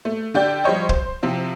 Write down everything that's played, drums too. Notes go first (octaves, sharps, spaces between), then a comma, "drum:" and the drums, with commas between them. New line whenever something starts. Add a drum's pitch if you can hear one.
A3
D3 G4 D5 G6
F3 G3 C5 C#5 D#5
C5, drum: kick
C3 F3 C4 E4